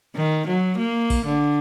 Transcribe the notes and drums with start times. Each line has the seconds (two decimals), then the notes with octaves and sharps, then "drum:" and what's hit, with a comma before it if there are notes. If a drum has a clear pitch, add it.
0.15 D#3
0.47 F#3
0.78 A#3
1.10 drum: kick A1, open hi-hat
1.26 D3